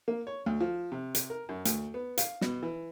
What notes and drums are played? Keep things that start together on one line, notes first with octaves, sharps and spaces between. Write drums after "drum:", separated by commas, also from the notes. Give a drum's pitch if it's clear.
A#3
C#5
D2
F3
C3
drum: hi-hat
A#4
F#2
D2, drum: hi-hat
B3
F5, drum: hi-hat
B2, drum: snare
E3